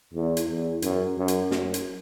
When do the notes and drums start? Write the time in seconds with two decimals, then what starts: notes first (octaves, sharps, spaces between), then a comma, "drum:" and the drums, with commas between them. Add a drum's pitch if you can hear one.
0.14 E2
0.37 drum: hi-hat
0.48 E2
0.82 F#2, drum: hi-hat
1.17 F#2
1.28 drum: hi-hat
1.51 F#2, drum: snare
1.74 drum: hi-hat